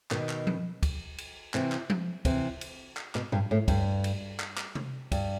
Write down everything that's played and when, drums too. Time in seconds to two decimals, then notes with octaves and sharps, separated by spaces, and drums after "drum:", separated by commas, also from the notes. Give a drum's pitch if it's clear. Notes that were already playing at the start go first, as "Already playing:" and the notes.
0.11 B2 D#3, drum: clap
0.29 drum: clap
0.47 drum: tom F3
0.83 drum: kick, cymbal
1.18 drum: cymbal
1.54 C3 E3, drum: clap
1.72 drum: clap
1.90 drum: tom F3
2.25 C3 E3, drum: kick, cymbal
2.61 drum: cymbal
2.97 drum: clap
3.15 B2, drum: clap
3.32 G2, drum: tom A2
3.51 A2
3.68 G2, drum: kick, cymbal
4.04 drum: cymbal
4.40 drum: clap
4.58 drum: clap
4.75 drum: tom C3
5.12 G2, drum: kick, cymbal